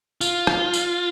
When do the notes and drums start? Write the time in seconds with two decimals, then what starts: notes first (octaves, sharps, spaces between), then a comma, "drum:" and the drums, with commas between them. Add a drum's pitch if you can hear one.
0.21 F4, drum: tambourine
0.47 drum: rim click
0.73 drum: tambourine